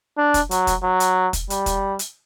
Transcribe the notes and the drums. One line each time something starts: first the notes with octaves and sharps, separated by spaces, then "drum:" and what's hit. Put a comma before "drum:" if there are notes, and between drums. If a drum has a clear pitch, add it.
D4
drum: kick, hi-hat
F#3, drum: hi-hat
drum: kick, hi-hat
F#3
drum: hi-hat
drum: kick, hi-hat
G3, drum: hi-hat
drum: kick, hi-hat
drum: hi-hat